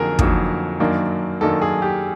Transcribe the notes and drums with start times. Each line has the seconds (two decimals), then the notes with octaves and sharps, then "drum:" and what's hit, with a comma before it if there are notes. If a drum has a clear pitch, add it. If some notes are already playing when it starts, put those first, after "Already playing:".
Already playing: F2 D3 F#3 A#3 D#4 G#4 A#4
0.19 F2 D3 F#3 A#3 D#4, drum: kick
0.80 F#2 D#3 F#3 A#3 D4
1.41 F#2 D#3 F#3 A#3 D4 A4
1.62 G#4
1.82 G4